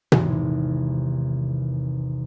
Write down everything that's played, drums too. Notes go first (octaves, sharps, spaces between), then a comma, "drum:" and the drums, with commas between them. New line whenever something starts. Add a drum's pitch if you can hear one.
G#1 E2 C3 E3, drum: tom B2